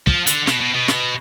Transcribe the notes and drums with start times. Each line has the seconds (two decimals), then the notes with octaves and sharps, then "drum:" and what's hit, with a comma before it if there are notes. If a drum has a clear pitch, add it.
0.07 F3, drum: kick
0.27 D3, drum: hi-hat
0.47 B2, drum: snare
0.61 B2
0.75 B2
0.88 drum: snare